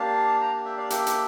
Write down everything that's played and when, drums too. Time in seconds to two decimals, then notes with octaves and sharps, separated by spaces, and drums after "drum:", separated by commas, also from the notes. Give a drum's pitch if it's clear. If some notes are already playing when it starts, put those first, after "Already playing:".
Already playing: A#3 D4 G4 F5 A5
0.40 G5 A#5
0.65 E5 G5
0.77 D5 F5
0.90 E5 G5, drum: hi-hat
1.07 drum: hi-hat